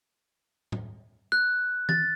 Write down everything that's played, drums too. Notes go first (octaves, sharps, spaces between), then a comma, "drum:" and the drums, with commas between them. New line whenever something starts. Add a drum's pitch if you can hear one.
drum: tom A2
F#6
A6, drum: tom E3